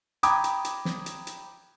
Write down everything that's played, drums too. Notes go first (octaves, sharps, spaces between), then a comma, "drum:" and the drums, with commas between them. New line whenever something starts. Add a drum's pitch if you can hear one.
G5 A#5 B5 D6 D#6 G#6, drum: hi-hat
drum: hi-hat
drum: hi-hat
drum: snare
drum: hi-hat
drum: hi-hat